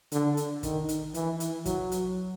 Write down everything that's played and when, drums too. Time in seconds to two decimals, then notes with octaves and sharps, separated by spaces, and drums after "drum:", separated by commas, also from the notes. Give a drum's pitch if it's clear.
0.12 D3, drum: hi-hat
0.37 drum: hi-hat
0.63 D#3, drum: kick, hi-hat
0.89 drum: hi-hat
1.14 E3, drum: hi-hat
1.40 drum: hi-hat
1.65 F#3, drum: kick, hi-hat
1.92 drum: hi-hat